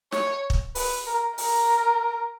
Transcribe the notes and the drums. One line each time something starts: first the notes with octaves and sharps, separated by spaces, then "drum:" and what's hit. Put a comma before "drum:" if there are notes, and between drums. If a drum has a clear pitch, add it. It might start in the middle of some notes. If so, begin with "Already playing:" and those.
C#5, drum: snare
drum: kick
B4, drum: open hi-hat
A#4
A#4, drum: open hi-hat